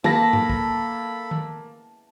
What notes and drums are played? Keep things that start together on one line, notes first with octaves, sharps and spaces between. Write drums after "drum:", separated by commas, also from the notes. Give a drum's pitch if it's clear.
A#3 A4 A5 B5 A#6, drum: tom D#3
drum: tom G2
drum: kick
drum: tom D#3